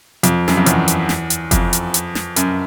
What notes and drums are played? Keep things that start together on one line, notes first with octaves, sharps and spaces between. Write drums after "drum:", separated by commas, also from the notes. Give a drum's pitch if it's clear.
F2, drum: hi-hat
F#2, drum: snare
F2
E2, drum: hi-hat
drum: hi-hat
drum: snare
drum: hi-hat
F2, drum: kick F#1, hi-hat
drum: hi-hat
drum: hi-hat
drum: snare
F#2, drum: hi-hat